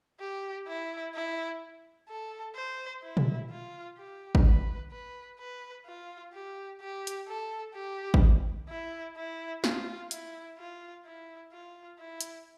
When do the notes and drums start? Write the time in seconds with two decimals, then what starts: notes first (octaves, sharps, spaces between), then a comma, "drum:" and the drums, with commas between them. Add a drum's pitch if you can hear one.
0.20 G4
0.68 E4
1.15 E4
2.09 A4
2.56 C5
3.03 E4
3.17 drum: tom A#2
3.50 F4
3.97 G4
4.35 drum: kick
4.45 B4
4.92 B4
5.39 B4
5.86 F4
6.33 G4
6.81 G4
7.07 drum: hi-hat
7.28 A4
7.75 G4
8.14 drum: kick
8.69 E4
9.17 E4
9.64 F4, drum: snare
10.11 E4, drum: hi-hat
10.58 F4
11.05 E4
11.53 F4
11.99 E4
12.21 drum: hi-hat